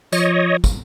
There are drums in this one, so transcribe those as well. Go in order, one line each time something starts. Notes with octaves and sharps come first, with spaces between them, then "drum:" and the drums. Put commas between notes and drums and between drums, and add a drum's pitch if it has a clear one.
F3 C#5 D#5, drum: tambourine
drum: kick, tambourine